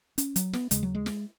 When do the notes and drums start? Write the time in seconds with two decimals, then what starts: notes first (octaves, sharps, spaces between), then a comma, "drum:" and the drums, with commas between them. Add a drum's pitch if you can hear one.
0.18 C#4, drum: hi-hat
0.36 F#3, drum: hi-hat
0.53 B3, drum: snare
0.71 D#2 C#3 G#3, drum: hi-hat
0.83 F#3
0.95 G#3
1.06 drum: snare